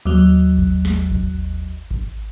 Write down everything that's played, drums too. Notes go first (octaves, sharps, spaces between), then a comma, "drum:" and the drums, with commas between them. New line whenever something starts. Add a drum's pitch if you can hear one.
D#2 F#3
drum: kick G#1
drum: snare
drum: kick G#1
drum: kick G#1